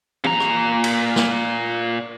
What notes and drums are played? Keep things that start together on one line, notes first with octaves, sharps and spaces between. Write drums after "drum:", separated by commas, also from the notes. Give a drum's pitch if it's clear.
A#2 A#5, drum: tom
drum: rim click
drum: cymbal
drum: snare